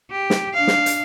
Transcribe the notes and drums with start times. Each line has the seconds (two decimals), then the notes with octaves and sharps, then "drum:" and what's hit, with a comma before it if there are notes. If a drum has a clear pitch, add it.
0.11 G4
0.30 drum: snare
0.54 D4 F5
0.67 drum: snare
0.86 drum: hi-hat